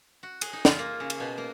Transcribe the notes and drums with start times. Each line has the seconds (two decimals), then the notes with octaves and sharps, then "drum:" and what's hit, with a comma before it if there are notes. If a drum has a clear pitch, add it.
0.23 F#4
0.41 G#4, drum: cymbal
0.53 D#4
0.65 F4, drum: snare
0.79 A#3
1.00 C#3
1.10 drum: cymbal
1.20 B2
1.38 A#3